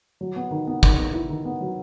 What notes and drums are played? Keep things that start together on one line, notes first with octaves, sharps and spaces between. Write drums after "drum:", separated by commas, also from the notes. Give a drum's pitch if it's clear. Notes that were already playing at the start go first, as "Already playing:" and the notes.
F#3
B3
D#3
B3
D#3, drum: kick
B3
E4
D#3
B3
F#3